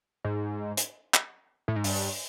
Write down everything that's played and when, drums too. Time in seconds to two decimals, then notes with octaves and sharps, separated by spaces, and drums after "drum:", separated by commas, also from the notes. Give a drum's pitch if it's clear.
0.25 G#2
0.77 drum: hi-hat
1.14 drum: clap
1.68 A2
1.76 G#2
1.84 G2, drum: open hi-hat